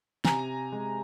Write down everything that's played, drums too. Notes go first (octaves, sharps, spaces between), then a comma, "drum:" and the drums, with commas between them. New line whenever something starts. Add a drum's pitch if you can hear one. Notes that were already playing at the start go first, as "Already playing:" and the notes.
C3 G#5 A#5, drum: snare
G#3